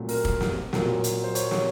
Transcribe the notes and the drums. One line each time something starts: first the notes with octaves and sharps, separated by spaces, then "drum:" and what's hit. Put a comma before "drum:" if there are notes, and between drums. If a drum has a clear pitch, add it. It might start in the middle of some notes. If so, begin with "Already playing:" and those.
Already playing: A#2 F#3 A3 C4
A#4, drum: open hi-hat
drum: kick
drum: snare
A#2 F#3 A#3, drum: snare
drum: hi-hat
C5
C#5, drum: hi-hat
drum: snare